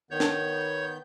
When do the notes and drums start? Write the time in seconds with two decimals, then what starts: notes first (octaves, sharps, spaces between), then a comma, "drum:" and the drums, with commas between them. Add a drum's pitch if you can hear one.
0.11 D#3 B3 C#5 G6
0.20 drum: snare